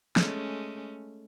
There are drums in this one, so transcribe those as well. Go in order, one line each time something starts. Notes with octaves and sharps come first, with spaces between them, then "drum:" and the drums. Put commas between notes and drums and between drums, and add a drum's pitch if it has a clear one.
G#3 A3 C#4, drum: snare